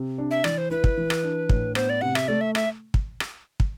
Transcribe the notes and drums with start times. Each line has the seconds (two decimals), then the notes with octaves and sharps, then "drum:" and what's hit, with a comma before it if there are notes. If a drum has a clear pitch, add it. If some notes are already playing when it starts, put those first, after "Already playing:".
Already playing: C3
0.18 D4
0.31 E5
0.44 E3 D5, drum: rim click
0.58 C5
0.70 E4 B4
0.84 drum: kick
0.97 E3
1.10 drum: rim click
1.23 D4
1.49 A2, drum: kick
1.75 B3 C5, drum: rim click
1.89 D5
2.01 C3 F#5
2.15 E5, drum: rim click
2.28 A3 D5
2.41 E5
2.55 E5, drum: rim click
2.94 drum: kick
3.20 drum: rim click
3.60 drum: kick